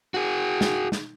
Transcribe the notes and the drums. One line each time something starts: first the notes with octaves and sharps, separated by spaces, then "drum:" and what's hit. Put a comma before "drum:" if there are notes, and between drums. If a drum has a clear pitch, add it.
F#4 G#4
drum: snare
drum: snare